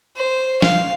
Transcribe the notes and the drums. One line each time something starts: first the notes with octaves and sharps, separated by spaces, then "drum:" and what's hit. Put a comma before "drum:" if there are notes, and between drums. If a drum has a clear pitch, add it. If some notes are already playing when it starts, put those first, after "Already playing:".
C5
F5, drum: snare